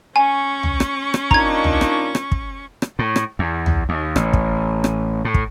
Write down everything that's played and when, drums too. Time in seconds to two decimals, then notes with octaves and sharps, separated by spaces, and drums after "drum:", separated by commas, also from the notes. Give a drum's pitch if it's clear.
0.16 C#4 G#5 C#6
0.63 drum: tom
0.80 drum: rim click
1.14 drum: rim click
1.31 A#2 D4 D#4 A#5 G#6, drum: kick
1.64 drum: tom
1.81 drum: rim click
2.15 drum: rim click
2.32 drum: kick
2.82 drum: rim click
2.99 A2
3.16 drum: rim click
3.39 E2
3.66 drum: tom
3.89 D#2
4.16 A1, drum: rim click
4.33 drum: kick
4.84 drum: rim click
5.25 A2
5.34 drum: kick